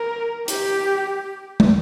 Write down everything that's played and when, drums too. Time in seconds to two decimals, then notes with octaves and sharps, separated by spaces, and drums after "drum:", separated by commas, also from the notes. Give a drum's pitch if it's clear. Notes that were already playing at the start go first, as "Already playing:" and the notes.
Already playing: A#4
0.48 G4, drum: hi-hat
1.60 drum: tom